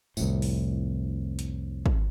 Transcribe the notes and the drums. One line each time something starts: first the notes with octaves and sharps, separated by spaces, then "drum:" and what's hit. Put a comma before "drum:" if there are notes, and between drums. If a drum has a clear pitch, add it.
C2 F2 A2, drum: tambourine
drum: open hi-hat
drum: hi-hat
drum: kick